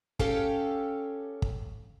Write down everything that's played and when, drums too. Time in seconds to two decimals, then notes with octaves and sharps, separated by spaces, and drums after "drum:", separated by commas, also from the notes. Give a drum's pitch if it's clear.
0.19 C#4 G4 A4 C#5 F5 G5, drum: kick
1.42 drum: kick